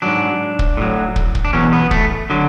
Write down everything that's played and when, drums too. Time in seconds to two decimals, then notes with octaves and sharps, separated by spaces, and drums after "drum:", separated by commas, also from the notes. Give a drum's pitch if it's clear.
0.02 G#2 F#3 D4
0.59 drum: kick
0.77 A2 F#3
1.16 drum: kick
1.35 drum: kick
1.45 D4
1.53 E2 B2 F#3 C#4
1.73 B3
1.91 A3, drum: kick
2.30 D3 F#3